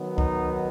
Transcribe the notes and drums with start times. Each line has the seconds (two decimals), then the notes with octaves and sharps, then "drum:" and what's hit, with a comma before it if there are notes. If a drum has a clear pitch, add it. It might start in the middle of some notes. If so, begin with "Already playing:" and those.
Already playing: D#3 F#3 B3
0.18 D#4, drum: kick C2